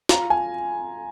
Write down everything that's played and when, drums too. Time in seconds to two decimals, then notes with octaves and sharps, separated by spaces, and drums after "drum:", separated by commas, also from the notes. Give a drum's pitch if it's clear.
0.09 F4 A#5, drum: snare
0.30 G#5